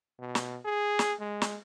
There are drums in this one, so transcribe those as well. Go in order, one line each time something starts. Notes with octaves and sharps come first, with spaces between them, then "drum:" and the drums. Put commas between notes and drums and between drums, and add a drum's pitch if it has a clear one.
B2
drum: snare
G#4
drum: snare
G#3
drum: snare